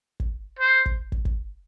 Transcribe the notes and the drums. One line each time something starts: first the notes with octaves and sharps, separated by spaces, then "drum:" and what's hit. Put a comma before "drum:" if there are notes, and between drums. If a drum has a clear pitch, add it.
drum: kick
C5
drum: kick
drum: kick
drum: kick